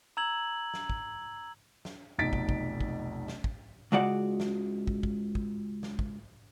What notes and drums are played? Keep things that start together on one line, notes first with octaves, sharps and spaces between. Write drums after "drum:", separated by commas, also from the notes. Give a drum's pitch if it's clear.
A#5 E6 G#6 F#7
drum: snare
drum: kick
drum: snare
F1 B1 D#4 A6 B6 D7
drum: kick
drum: kick
drum: kick
drum: snare
drum: kick
C#2 C#3 G#3 F#4 D5 F#5
drum: snare
drum: kick
drum: kick
drum: kick
drum: snare
drum: kick